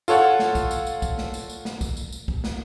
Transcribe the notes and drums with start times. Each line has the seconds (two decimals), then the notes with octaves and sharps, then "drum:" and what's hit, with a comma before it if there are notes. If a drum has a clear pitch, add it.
0.08 F4 A4 C#5 F#5, drum: tambourine
0.39 drum: snare
0.55 drum: kick, tambourine
0.71 drum: tambourine
0.87 drum: tambourine
1.02 drum: kick, tambourine
1.18 drum: snare
1.34 drum: tambourine
1.49 drum: tambourine
1.65 drum: snare
1.81 drum: kick, tambourine
1.97 drum: tambourine
2.12 drum: tambourine
2.28 drum: kick
2.44 drum: snare